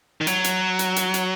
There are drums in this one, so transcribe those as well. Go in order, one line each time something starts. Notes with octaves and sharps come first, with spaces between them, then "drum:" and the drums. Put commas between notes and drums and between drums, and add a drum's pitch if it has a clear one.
D#3
F#3, drum: hi-hat
drum: hi-hat
drum: hi-hat
drum: hi-hat
drum: hi-hat